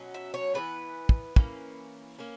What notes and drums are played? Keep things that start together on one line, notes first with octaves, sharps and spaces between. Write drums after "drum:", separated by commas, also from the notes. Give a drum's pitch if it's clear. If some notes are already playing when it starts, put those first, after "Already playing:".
Already playing: B2 F#3 C#4
E5
C#5
E3 G#3 B3 B4
drum: kick
E3 A#3 C#4, drum: kick
A#3 C#4